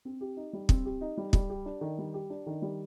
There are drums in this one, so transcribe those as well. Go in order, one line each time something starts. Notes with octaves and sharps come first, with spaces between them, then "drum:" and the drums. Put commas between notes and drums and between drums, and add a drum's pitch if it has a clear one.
C4
G4
D#4
G3
C4, drum: kick
G4
D#4
G3
G3, drum: kick
G4
D4
D#3
G3
G4
D4
D#3
G3